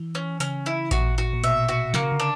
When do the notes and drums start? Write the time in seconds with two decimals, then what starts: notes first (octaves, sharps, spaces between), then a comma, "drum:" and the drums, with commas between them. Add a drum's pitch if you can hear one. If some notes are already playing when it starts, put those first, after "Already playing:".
Already playing: E3
0.15 C#4
0.40 C#3 C#4, drum: hi-hat
0.66 E4
0.91 A#2 F#4, drum: kick A1, hi-hat
1.18 F#4
1.33 A#2
1.44 B2 E5, drum: hi-hat
1.68 F#4
1.94 C#3 A#3, drum: snare
2.12 D3
2.20 D4